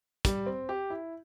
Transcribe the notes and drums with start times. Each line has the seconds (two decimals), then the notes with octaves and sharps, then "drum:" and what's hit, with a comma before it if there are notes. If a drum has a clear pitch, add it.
0.25 G3, drum: kick, hi-hat
0.46 C4
0.69 G4
0.90 E4